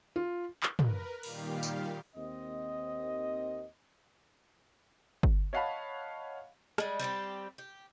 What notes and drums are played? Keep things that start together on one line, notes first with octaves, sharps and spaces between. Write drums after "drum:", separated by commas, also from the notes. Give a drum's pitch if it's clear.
F4
drum: clap
A#4 B4, drum: tom
A#2 D#3 G3 G4 F5, drum: cymbal
drum: tambourine
D#2 C4 D#5
drum: kick G1
C#5 D#5 F5 F#5 A5 B5
G3 G#3, drum: rim click
G3 C4 D4 G4
G4